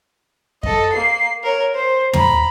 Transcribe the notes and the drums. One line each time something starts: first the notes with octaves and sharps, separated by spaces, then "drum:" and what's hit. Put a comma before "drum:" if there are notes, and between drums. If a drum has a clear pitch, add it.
A4 D#5, drum: kick F#2
A#3 C7
A#4 C#5
C5
A#5 B5, drum: tom